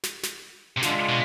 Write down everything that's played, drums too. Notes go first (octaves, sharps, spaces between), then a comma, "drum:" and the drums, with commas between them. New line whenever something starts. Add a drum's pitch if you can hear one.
drum: snare
drum: snare
C3
D3 G#3 D4 F4, drum: snare
B2